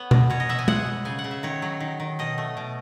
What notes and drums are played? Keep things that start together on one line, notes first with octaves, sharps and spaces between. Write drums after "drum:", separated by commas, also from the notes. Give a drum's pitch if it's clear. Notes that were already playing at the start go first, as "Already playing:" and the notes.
Already playing: B3 C#5
B2, drum: tom B2
B2 C#5
D#5
B3 E5
G#5
G#3 F#5, drum: tom
G#3
C#3 G#5
F#5
C#3
E5
D#3 C#5
F#3
D#3
D#3
B2 D#5
A3
B2